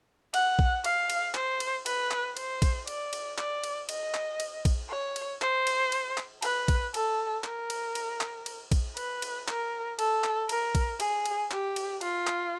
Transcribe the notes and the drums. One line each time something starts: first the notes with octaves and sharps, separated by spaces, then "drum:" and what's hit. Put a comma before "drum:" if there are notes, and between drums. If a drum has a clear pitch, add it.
F#5, drum: cymbal
drum: kick
F5, drum: cymbal
drum: cymbal
C5, drum: clap
drum: cymbal
B4, drum: cymbal
drum: clap
C5, drum: cymbal
drum: kick, cymbal
D5, drum: cymbal
drum: cymbal
D5, drum: clap
drum: cymbal
D#5, drum: cymbal
drum: clap
drum: cymbal
drum: kick, cymbal
C#5
drum: cymbal
C5, drum: clap
drum: cymbal
drum: cymbal
drum: clap
B4, drum: cymbal
drum: kick, cymbal
A4, drum: cymbal
A#4, drum: clap
drum: cymbal
drum: cymbal
drum: clap
drum: cymbal
drum: kick, cymbal
B4, drum: cymbal
drum: cymbal
A#4, drum: clap
A4, drum: cymbal
drum: clap
A#4, drum: cymbal
drum: kick, cymbal
G#4, drum: cymbal
drum: cymbal
G4, drum: clap
drum: cymbal
F4, drum: cymbal
drum: clap